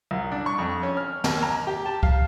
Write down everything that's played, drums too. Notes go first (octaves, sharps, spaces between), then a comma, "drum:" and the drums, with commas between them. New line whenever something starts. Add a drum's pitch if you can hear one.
C2
D4
C#6
F2
C#4
F6
D#2, drum: snare
A#5
G4
A5
F5, drum: kick C#2